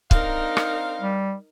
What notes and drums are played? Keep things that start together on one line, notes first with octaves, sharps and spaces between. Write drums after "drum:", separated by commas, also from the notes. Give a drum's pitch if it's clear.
C4 D4 D#4 A#4 F5, drum: kick
drum: rim click
G3